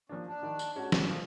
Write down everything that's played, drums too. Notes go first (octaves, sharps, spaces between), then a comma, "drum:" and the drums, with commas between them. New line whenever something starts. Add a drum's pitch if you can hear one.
F3 A#3 C#4 D4
D4
D#3
drum: tambourine
G#3 C#4 F#4
drum: snare
F3